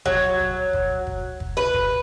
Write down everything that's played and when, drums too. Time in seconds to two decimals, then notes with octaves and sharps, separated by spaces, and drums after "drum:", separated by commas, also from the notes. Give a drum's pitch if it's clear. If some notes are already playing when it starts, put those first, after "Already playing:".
0.06 F#3, drum: kick
0.40 drum: kick
0.73 drum: kick
1.07 drum: kick
1.40 drum: kick
1.57 B4
1.74 drum: kick